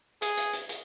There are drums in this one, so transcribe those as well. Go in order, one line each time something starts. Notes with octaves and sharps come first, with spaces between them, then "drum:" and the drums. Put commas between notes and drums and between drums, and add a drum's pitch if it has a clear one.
G#4, drum: hi-hat
drum: hi-hat
drum: hi-hat
drum: hi-hat